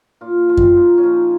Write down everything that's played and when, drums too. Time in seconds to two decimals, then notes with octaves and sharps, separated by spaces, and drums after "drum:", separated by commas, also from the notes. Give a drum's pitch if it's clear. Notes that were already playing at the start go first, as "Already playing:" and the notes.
0.21 A#2 F4
0.48 F3 F4
0.57 drum: kick F#2
0.76 A#2 D#4
0.98 C#4
1.03 F3 D#4